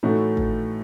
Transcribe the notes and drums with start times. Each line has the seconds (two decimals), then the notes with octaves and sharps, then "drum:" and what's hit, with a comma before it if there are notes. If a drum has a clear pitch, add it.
0.03 A2 E3 A3 D#4 F#4
0.37 drum: kick G#1